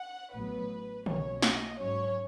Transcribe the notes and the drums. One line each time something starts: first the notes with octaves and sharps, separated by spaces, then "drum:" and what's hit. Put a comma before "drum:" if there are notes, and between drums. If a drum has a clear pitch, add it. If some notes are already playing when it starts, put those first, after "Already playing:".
Already playing: F#5
A1 A2 F#3 B3 B4
B1 B2 F#3 C#4 C#5, drum: tom
D#5, drum: snare
G#2 F#3 C#4 C#5